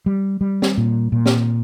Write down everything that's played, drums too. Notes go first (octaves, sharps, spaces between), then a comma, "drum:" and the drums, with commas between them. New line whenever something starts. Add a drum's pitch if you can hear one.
G3
G3
drum: snare
A#2
A#2
drum: snare